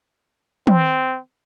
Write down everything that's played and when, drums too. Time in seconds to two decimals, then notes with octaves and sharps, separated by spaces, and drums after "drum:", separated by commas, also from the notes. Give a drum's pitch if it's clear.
0.67 C4, drum: tom